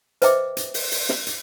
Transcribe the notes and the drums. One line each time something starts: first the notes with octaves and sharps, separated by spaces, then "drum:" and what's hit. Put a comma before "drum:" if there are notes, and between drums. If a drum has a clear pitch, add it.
B4 C5 D#5 E5 G5 D6, drum: hi-hat
drum: hi-hat
drum: open hi-hat
drum: open hi-hat
drum: snare
drum: hi-hat